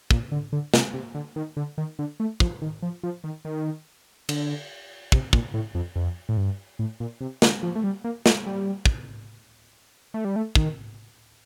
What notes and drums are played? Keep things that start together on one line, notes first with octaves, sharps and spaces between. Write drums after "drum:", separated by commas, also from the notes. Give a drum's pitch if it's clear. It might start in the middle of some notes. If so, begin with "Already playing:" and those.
A#2, drum: kick
D3
D3
C3, drum: snare
C3
D3
D#3
D3
D#3
D3
A3
F3, drum: kick
D#3
F3
F3
D#3
D#3
D3, drum: cymbal
C3, drum: kick
A#2, drum: kick
A2
F2
F2
A2
G2
A2
A#2
C3
D3, drum: snare
F3
A3
G3
A#3
A3, drum: snare
G3
drum: kick
A3
G3
A3
D#3, drum: kick